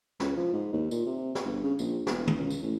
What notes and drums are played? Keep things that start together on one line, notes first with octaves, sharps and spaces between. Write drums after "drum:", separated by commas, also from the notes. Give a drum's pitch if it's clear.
C#2, drum: snare
F3
G#2
D#2
A#2, drum: tambourine
C3
drum: snare
G1
C#3
A#1, drum: tambourine
E1, drum: snare
drum: tom
C#2
drum: tambourine
A1